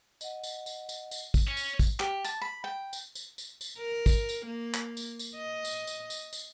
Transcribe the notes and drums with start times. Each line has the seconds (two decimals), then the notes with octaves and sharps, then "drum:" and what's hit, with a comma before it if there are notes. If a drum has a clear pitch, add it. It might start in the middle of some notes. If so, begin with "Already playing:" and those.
0.21 D#5 F#5, drum: tambourine
0.43 drum: tambourine
0.66 drum: tambourine
0.89 drum: tambourine
1.11 drum: tambourine
1.34 drum: kick, tambourine
1.47 C#4
1.57 drum: tambourine
1.79 drum: kick, tambourine
2.00 G4, drum: clap
2.24 A5, drum: tambourine
2.41 B5
2.64 G5
2.93 drum: tambourine
3.15 drum: tambourine
3.38 drum: tambourine
3.61 drum: tambourine
3.78 A#4
4.06 drum: kick, tambourine
4.29 drum: tambourine
4.46 A#3
4.74 drum: clap
4.97 drum: tambourine
5.19 drum: tambourine
5.36 D#5
5.65 drum: tambourine
5.87 drum: tambourine
6.10 drum: tambourine
6.33 drum: tambourine